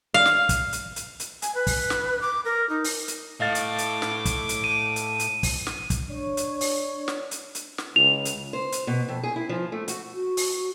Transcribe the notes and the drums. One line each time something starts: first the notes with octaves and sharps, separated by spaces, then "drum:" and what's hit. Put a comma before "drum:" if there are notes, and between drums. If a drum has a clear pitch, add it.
F5
drum: snare
drum: kick, hi-hat
drum: hi-hat
drum: hi-hat
drum: hi-hat
G#5, drum: hi-hat
B4
drum: kick, open hi-hat
drum: snare
D6
A#4
D#4
drum: open hi-hat
drum: hi-hat
A2 D#5 F5 D6 A6
drum: hi-hat
drum: hi-hat
drum: snare
drum: kick, hi-hat
drum: hi-hat
D#7
drum: hi-hat
drum: hi-hat
drum: kick, open hi-hat
drum: snare
drum: kick, hi-hat
D4 C#5
drum: hi-hat
drum: open hi-hat
drum: snare
drum: hi-hat
drum: hi-hat
drum: snare
C#2 C#3 F7
drum: hi-hat
C5
drum: hi-hat
B2
F2
G#4
E4
F3
A3
F#4, drum: hi-hat
F#4
drum: open hi-hat